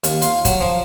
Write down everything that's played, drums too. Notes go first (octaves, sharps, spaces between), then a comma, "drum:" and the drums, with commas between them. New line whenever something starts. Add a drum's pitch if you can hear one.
D#2, drum: hi-hat
F4, drum: hi-hat
F#3, drum: kick, hi-hat
F3